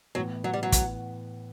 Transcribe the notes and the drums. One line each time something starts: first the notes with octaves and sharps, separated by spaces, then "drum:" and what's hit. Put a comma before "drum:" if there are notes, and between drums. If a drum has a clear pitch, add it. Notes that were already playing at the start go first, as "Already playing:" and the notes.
A2 E3 F#3 B3
F#3
G3
F#3
drum: kick, hi-hat